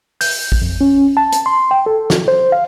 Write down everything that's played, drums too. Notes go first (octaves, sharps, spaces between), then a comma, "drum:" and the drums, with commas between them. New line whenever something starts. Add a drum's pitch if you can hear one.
G6, drum: open hi-hat
drum: kick A1
F2
C#4
A5
drum: hi-hat
C6
G5
A4
drum: snare
C5
F5